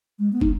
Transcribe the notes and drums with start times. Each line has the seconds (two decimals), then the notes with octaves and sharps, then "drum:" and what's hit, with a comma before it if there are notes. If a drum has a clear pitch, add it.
0.19 G#3
0.33 B3
0.41 D#4, drum: kick